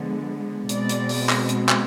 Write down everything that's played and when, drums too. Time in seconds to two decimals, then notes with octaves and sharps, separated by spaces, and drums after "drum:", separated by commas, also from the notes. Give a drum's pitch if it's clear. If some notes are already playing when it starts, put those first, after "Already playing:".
Already playing: D3 F3 G#3 B3
0.69 B2 G#3 C4 D5, drum: hi-hat
0.89 drum: hi-hat
1.09 drum: open hi-hat
1.29 drum: clap
1.49 drum: hi-hat
1.69 drum: clap